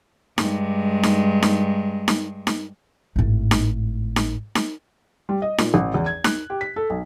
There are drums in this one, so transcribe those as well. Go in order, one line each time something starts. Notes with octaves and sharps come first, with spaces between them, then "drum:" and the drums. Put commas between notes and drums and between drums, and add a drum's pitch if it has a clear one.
G2 G#3, drum: snare D#4
drum: snare D#4
drum: snare D#4
drum: snare D#4
drum: snare D#4
G#1 A2
drum: snare D#4
drum: snare D#4
drum: snare D#4
G3
D#5
A#2, drum: snare D#4
A1
E2
G#6
F#6, drum: snare D#4
G4
B6
A4
B1